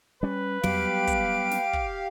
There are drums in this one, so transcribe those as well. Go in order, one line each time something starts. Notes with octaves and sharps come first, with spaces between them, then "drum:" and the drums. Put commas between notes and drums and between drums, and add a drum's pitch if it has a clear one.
G3 C#4 B4
F#3 G3 B3 G4 F5 D7, drum: tom
drum: kick, hi-hat
drum: snare
drum: kick